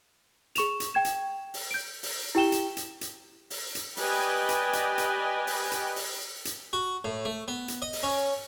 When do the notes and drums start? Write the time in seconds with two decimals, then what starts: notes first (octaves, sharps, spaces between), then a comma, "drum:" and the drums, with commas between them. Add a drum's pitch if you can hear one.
0.55 G#4 C#6 E7 F7, drum: hi-hat
0.80 drum: hi-hat
0.94 G5 G#6 E7
1.05 drum: hi-hat
1.54 drum: open hi-hat
1.71 G6 D7
2.03 drum: open hi-hat
2.35 E4 G4 G5 E7 G7
2.52 drum: hi-hat
2.77 drum: hi-hat
3.01 drum: hi-hat
3.50 drum: open hi-hat
3.75 drum: hi-hat
3.97 G4 B4 D5 D#5 G5 G#5, drum: open hi-hat
4.49 drum: hi-hat
4.73 drum: hi-hat
4.98 drum: hi-hat
5.47 drum: open hi-hat
5.72 drum: hi-hat
5.96 drum: open hi-hat
6.45 drum: hi-hat
6.73 F#4
7.05 A2
7.25 A3
7.48 B3
7.68 drum: hi-hat
7.82 D#5
7.93 drum: open hi-hat
8.03 C#4